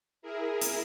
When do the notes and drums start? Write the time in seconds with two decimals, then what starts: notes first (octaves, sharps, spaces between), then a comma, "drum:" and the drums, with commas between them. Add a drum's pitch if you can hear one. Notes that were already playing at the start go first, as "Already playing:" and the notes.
0.22 E4 G#4 A#4
0.61 drum: hi-hat